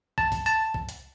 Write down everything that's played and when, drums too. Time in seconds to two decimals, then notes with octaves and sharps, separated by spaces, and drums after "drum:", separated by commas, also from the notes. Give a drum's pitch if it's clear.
0.18 A5, drum: kick
0.32 drum: kick, open hi-hat
0.46 A5
0.74 drum: kick
0.89 drum: hi-hat